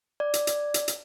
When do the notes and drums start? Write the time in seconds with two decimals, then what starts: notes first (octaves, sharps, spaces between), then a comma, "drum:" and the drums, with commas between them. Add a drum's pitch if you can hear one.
0.20 D5
0.34 drum: hi-hat
0.47 drum: hi-hat
0.74 drum: hi-hat
0.88 drum: hi-hat